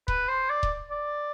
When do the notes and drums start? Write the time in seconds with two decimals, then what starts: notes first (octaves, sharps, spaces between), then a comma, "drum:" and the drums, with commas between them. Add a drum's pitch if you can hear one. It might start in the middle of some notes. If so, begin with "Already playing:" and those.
0.08 B4, drum: kick D#1
0.28 C5
0.49 D5
0.63 drum: kick D#1
0.90 D5